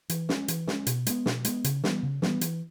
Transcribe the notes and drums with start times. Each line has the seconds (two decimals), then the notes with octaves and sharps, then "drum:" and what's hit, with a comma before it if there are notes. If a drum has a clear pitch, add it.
0.10 E3, drum: hi-hat
0.29 G#3 C#4, drum: snare
0.48 E3, drum: hi-hat
0.67 G#3 C#4, drum: snare
0.87 B2, drum: hi-hat
1.07 G#3 B3, drum: hi-hat
1.26 B2, drum: snare
1.45 G#3 B3, drum: hi-hat
1.64 C#3, drum: hi-hat
1.84 E3 G3 B3, drum: snare
2.03 C#3
2.22 E3 G3 B3, drum: snare
2.41 E3, drum: hi-hat